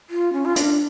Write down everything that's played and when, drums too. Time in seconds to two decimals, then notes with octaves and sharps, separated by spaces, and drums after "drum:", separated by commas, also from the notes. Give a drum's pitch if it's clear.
0.10 F4
0.33 C#4
0.45 F4
0.56 D4, drum: hi-hat